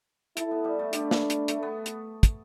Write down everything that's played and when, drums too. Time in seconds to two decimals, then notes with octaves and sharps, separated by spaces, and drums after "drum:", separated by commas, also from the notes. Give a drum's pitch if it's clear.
0.37 E4 A4, drum: hi-hat
0.51 B3
0.64 G3
0.79 A3
0.93 G3 D4, drum: hi-hat
1.11 drum: snare
1.30 drum: hi-hat
1.48 A3, drum: hi-hat
1.63 B3
1.86 drum: hi-hat
2.23 drum: kick, hi-hat